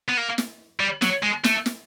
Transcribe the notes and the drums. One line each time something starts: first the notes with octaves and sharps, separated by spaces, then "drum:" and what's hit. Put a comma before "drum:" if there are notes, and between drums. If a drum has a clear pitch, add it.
B3
A#3
drum: snare
G3
F#3, drum: snare
G#3
A3, drum: snare
drum: snare